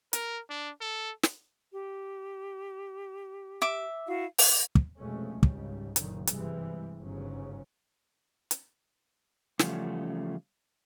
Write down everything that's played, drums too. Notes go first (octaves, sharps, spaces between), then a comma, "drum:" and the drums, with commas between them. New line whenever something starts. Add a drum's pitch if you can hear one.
A#4, drum: hi-hat
D4
A4
drum: snare
G4
E5 D6
E4 F#4 F5
drum: open hi-hat
drum: kick
F1 F2 B2 G#3 A3 C#4
G#1 C#2 G#2 C#3 G3, drum: kick
F#1 F#2 A#2 D3 D#3, drum: hi-hat
G2 C3 E3 G3 G#3, drum: hi-hat
G1 G#2 C#3 F#3 C#4
drum: hi-hat
E2 C#3 F3 G3 A3 C#4, drum: snare